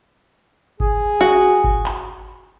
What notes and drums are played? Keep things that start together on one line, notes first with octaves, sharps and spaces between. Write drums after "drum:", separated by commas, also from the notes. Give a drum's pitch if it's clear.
G#4, drum: kick G1
F#4
drum: kick G1
drum: clap